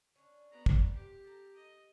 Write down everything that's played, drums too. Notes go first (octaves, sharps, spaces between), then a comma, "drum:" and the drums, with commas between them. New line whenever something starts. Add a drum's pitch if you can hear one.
C#4 D4
B3 A#5
drum: kick
C3 G4
A4 A#5
D#5